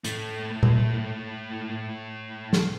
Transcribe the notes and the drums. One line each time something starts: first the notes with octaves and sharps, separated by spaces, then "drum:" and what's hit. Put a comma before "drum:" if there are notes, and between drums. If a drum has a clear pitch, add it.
A2 A3, drum: hi-hat
drum: tom A#2
drum: snare